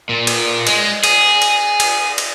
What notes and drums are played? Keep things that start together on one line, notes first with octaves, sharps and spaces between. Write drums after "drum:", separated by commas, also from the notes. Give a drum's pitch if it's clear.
A#2
drum: cymbal
G#3, drum: cymbal
G#4, drum: cymbal
drum: cymbal
drum: cymbal
drum: cymbal